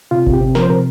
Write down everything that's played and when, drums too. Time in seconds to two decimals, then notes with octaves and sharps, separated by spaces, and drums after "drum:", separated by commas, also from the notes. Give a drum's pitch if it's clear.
0.11 C3 F4
0.27 C3, drum: kick G1
0.33 G4
0.41 C3
0.55 F3 A#4, drum: snare
0.62 C5
0.70 C3 A#4